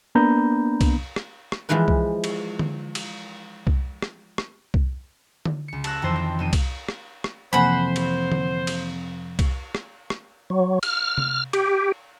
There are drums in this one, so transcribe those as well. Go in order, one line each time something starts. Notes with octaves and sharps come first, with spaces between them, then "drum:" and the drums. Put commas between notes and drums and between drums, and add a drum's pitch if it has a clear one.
A#3 B3 D4 A#5 B5 G6
drum: kick C2, cymbal
drum: rim click
drum: rim click
E3 F3 G#3 E4 B4
drum: kick C2
drum: cymbal
drum: tom D3
drum: cymbal
drum: kick C2
drum: rim click
drum: rim click
drum: kick C2
drum: tom D3
C#2 C#7
A5 E6 F#6 A#6, drum: cymbal
F2 D#3 E3 C5
C4
F1 C4 D#7
drum: kick C2, cymbal
drum: rim click
drum: rim click
F2 C3 E3 A#3 C5 F#5 G#5 B5
drum: cymbal
drum: tom D3
drum: cymbal
drum: kick C2, cymbal
drum: rim click
drum: rim click
F#3
F6, drum: cymbal
drum: tom C3
G4, drum: cymbal